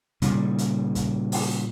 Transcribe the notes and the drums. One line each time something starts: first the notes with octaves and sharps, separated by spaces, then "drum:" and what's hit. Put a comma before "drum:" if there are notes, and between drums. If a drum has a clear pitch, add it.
A#2 C#3 G3, drum: hi-hat
drum: hi-hat
drum: kick, hi-hat
drum: open hi-hat